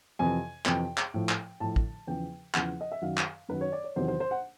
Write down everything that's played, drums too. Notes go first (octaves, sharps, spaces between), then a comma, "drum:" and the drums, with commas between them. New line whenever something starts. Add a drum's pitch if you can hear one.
F2 C3 E3 G#5
F2 C3 E3 G5, drum: clap
drum: clap
A2 F3
drum: clap
A2 F3 A5
drum: kick
E2 C#3 F3 G5
E2 C#3 F3 F#5, drum: clap
D#5
E5
F#2 D#3 F#3 F5
drum: clap
F#2 D#3 F#3 B4
C#5
D5
C#5
E2 C3 D#3 F#3 C5
C5
C5
F#5